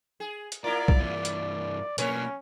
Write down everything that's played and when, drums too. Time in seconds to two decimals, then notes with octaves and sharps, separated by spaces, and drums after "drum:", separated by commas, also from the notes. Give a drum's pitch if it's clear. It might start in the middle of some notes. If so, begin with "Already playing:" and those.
0.20 G#4
0.52 drum: hi-hat
0.64 A#3 E4 F4 A#4 D5
0.88 drum: kick B1
1.00 G2 E3 D5
1.25 drum: hi-hat
1.98 B1 A#3 C#4 A#4 B4 C#5, drum: hi-hat